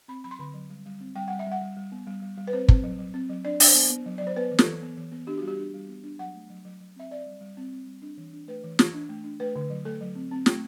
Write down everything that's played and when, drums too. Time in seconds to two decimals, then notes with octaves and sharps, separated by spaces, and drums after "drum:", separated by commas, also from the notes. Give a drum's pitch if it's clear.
0.08 C4 B5
0.24 F#3 B5
0.31 C6
0.39 D3 B5
0.54 F#3
0.70 G3
0.86 G3
1.00 C4
1.16 G3 G5
1.28 G3 F#5
1.39 E5
1.47 G3 F#5
1.61 G3
1.77 G3
1.92 B3
2.07 G3
2.22 G3
2.37 G3
2.47 B4
2.53 C4 C5
2.69 C4, drum: kick
2.84 F#3
2.99 F#3
3.14 C4
3.30 F#3
3.45 D4 D5
3.60 D4, drum: open hi-hat
3.67 C5
3.74 B3
3.90 B3
4.06 F#3
4.18 F#3 D5
4.27 C5
4.36 B3 B4
4.51 E3
4.59 A4, drum: snare
4.66 E3
4.82 B3
4.97 E3
5.12 B3
5.27 D4 G4
5.38 G3 F#4
5.48 G4
5.58 D4
5.74 G3
5.89 B3
6.03 D4
6.19 F#3 F#5
6.34 A3
6.50 F#3
6.65 F#3
6.81 F#3
6.96 C4 E5
7.11 C4 D5
7.26 G3
7.41 G3
7.57 C4
7.72 C4
7.87 G3
8.02 D4
8.18 E3
8.33 D4
8.48 A3 B4
8.64 E3
8.79 E3, drum: snare
8.93 D4
9.09 A3
9.24 D4
9.40 A3 B4
9.56 D3
9.70 F#3
9.85 A3 A4
10.01 F#3
10.15 C4
10.31 C4
10.46 A3, drum: snare